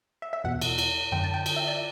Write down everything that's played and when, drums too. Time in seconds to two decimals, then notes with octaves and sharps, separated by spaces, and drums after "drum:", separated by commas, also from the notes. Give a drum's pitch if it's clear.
0.22 E5
0.33 E5
0.44 E2 B2 F#5
0.61 drum: cymbal
0.78 drum: cymbal
1.11 F#2 D3 G5
1.23 A5
1.34 G5
1.46 G5, drum: cymbal
1.56 E5
1.68 D5